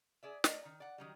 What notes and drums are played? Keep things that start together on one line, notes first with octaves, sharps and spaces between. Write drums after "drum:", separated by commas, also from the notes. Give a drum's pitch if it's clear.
G#4 D5 E5
A3 A#4 D5 D#5, drum: snare
D#3
D5 F#5
D#3 F#3 G3